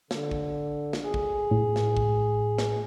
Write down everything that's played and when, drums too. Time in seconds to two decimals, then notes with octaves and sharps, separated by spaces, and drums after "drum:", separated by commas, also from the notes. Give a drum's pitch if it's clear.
0.11 D3, drum: snare
0.31 drum: kick A1
0.93 drum: snare
1.03 G#4
1.14 drum: kick A1
1.51 A2
1.76 drum: snare
1.97 drum: kick A1
2.58 drum: snare